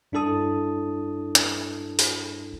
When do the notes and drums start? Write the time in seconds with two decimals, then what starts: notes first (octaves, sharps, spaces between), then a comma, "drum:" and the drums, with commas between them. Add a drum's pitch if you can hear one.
0.12 G2 D4 E4 A4 A5 D#6
1.35 drum: hi-hat
1.99 drum: open hi-hat